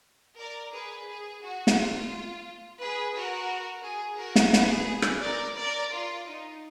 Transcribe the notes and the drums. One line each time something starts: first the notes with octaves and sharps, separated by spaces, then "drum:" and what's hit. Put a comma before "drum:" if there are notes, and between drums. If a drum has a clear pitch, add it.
A#4 D5
G#4 B4
G#4
F#4
drum: snare
F4
G#4 B4
F#4 A#4
G#4
F#4 A#4
drum: snare
G#4 B4, drum: snare
drum: rim click
A#4 D5
A#4 D5
F4
D#4